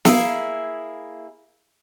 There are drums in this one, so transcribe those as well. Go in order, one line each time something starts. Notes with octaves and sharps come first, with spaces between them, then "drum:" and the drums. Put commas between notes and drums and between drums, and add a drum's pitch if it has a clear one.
A#3 E4 G#4, drum: snare